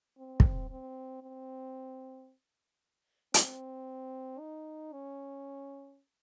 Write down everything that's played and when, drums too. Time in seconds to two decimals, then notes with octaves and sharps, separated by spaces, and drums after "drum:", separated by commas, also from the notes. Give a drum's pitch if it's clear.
0.18 C4
0.40 drum: kick
0.70 C4
1.23 C4
3.34 C4, drum: hi-hat
4.39 D#4
4.92 C#4